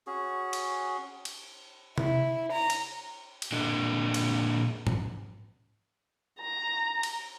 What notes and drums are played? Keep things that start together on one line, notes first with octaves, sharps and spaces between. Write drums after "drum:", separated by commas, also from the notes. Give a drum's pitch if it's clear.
C#4 F#4 G#4
drum: cymbal
drum: cymbal
E4, drum: tom C3
A#5
drum: cymbal
drum: cymbal
A#2 D4 A4 D#5
drum: cymbal
drum: tom G#2
A#5
drum: cymbal